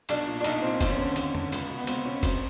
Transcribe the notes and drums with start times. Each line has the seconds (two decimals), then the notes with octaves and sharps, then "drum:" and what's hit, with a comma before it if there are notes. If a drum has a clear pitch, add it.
0.09 B1 D4, drum: cymbal
0.27 A#2
0.41 D4
0.44 B1 D#4, drum: cymbal
0.62 A#2 C4
0.81 D#2 C4, drum: kick, cymbal
0.90 C#4
0.98 D3 C4
1.16 D#2, drum: cymbal
1.35 D3, drum: tom
1.52 C#2, drum: cymbal
1.70 B2
1.78 B3
1.87 C#2 C4, drum: cymbal
2.05 B2 C#4
2.23 D2 C4, drum: kick, cymbal